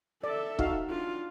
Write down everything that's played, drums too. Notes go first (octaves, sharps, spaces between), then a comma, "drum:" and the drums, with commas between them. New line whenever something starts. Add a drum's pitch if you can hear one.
A4 D5 E5
D#4 F#4 F5, drum: kick
D4 F4